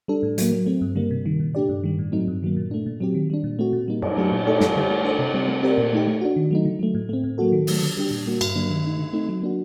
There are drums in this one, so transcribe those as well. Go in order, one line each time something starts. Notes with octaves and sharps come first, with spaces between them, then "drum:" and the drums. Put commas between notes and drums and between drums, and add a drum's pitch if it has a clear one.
G3 D4 A4
A2
F#3 A#3, drum: hi-hat
F#3
A3 C4
G2
D3 G3 A#3
C3
D#3 G3
A#2
A3 D4 G4 D5
G2
D#3 G3
A2
F#3 A3 C4 D#4
G2
D#3 F#3 A#3
A#2
A3 D4
A#2
F#3 C4 G4
D#3
G3 D4
A#2
A3 C4 F#4
A#2
G3 A#3 D#4
F#2, drum: cymbal
F#3 A3 D4 G4
A#2
A3 D#4 A4, drum: cymbal
F#2, drum: snare
D3 G3
A3
D4 A4 C5
C3
G3 C4
A3
C4 G4 A#4 D5
A#2
A3 D#4 G4
A3
D4 F#4
D#3
F#3 A3 D#4
D3
F#3 A3
A2
A3 C4
A2
F#3 A#3 F#4 A4
D#3
F#3 A3, drum: open hi-hat
D3
G3 D4 G4
A#2
G3 A#3 F#4
G2, drum: cymbal
D3 F#3 A#3 D4
D#3
A3 D#4
D3
A3 C4 D#4
F#3
A#3 D4 F#4